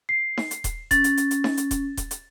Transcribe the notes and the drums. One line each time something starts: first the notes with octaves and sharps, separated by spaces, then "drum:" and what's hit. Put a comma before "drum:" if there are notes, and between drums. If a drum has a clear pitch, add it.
C7
drum: snare D#4
drum: hi-hat
drum: kick D#1, hi-hat
C#4 A6, drum: kick D#1, hi-hat
drum: hi-hat
drum: hi-hat
drum: hi-hat
drum: snare D#4
drum: hi-hat
drum: kick D#1, hi-hat
drum: kick D#1, hi-hat
drum: hi-hat